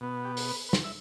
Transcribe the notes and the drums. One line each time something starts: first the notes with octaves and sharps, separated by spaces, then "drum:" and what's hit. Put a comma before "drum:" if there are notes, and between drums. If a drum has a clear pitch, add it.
B2 B3
G4
drum: open hi-hat
B4
B4
C5, drum: snare
E5